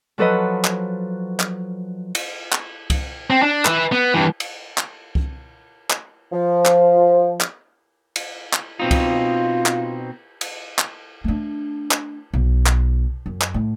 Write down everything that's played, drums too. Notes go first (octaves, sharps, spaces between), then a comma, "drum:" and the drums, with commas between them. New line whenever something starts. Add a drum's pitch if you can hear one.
F3 F#3 A4 B4 D#5
drum: clap
drum: clap
drum: cymbal
drum: clap
drum: kick C2, cymbal
C4
D4
B4 E5, drum: clap
B3
G2 E3
drum: cymbal
drum: clap
drum: kick C2
drum: clap
F3
drum: clap
drum: clap
drum: cymbal
drum: clap
B2 C4 D#4 F4
drum: kick C2, cymbal
drum: clap
drum: cymbal
drum: clap
A3 D4
drum: clap
B1
drum: clap
F#2
drum: clap
A2